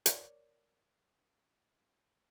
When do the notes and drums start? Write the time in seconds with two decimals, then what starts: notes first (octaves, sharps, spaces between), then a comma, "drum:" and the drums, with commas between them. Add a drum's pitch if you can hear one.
0.06 A#4 C#5 D5, drum: hi-hat